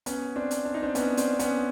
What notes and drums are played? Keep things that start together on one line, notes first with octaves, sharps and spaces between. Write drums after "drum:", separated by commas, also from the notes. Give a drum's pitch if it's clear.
B3 C#4, drum: hi-hat
C4 D4
drum: hi-hat
D4
D#4
C4 D4
B3 C#4, drum: hi-hat
C4 D4, drum: hi-hat
B3 C#4, drum: hi-hat